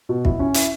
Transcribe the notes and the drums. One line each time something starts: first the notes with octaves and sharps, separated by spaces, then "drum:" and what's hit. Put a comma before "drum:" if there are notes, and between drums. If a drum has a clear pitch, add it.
B2
E4, drum: kick
C#4
E4, drum: hi-hat